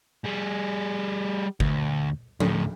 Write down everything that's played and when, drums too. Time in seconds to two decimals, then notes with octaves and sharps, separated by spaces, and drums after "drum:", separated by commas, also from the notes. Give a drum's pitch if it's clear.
0.24 G3 G#4
1.60 D2, drum: kick
2.40 D2 A2, drum: tom F3